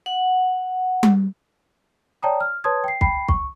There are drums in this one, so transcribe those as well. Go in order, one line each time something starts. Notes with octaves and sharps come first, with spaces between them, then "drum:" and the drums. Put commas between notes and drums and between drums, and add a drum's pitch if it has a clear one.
F#5
drum: tom G3
C#5 D5 G5 A5 A#5 D#6
F6
B4 C#5 A5 C6 D#6 G#6
G5 C7
G5 B5 C7, drum: kick
C#6, drum: kick